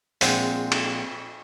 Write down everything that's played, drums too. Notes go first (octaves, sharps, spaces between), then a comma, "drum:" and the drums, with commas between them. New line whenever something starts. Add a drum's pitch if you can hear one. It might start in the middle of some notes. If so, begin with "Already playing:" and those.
A#1 G#3 C4 C5 F#5, drum: open hi-hat
drum: cymbal